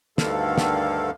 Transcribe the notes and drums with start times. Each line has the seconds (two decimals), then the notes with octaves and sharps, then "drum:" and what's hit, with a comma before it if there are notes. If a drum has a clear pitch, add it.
0.18 D2 G2 D3 D#3 A4 F5, drum: snare
0.58 drum: snare